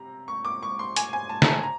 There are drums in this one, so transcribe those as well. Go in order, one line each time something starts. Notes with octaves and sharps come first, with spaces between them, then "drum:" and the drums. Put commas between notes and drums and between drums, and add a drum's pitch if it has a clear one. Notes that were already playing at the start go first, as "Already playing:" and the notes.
Already playing: C3 A#5
C#6
D6
C#6
C6
G#5, drum: hi-hat
G#5
A5
A#5, drum: snare
A5
A#5